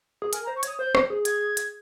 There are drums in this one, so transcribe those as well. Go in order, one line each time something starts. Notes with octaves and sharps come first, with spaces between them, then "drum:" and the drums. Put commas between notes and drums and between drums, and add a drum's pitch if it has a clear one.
G#4
A#4 G#5, drum: hi-hat
A#5
C5
C#6
C#5, drum: hi-hat
D#6
C5 G6
C5, drum: rim click
G#4
G#6, drum: hi-hat
drum: hi-hat